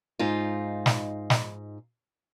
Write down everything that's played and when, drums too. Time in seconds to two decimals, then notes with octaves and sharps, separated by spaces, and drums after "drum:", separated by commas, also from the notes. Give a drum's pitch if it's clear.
0.19 G#2 D#4 F4
0.86 drum: snare
1.30 drum: snare